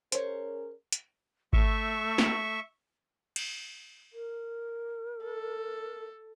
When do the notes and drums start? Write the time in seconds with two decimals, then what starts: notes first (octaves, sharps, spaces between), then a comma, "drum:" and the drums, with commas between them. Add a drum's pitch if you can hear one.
0.12 C#4 G#4 A#4 C5 C#5, drum: hi-hat
0.92 drum: hi-hat
1.53 A3 E5 C#6, drum: kick G#1
2.18 drum: snare
3.36 drum: cymbal
4.13 A#4
5.24 A4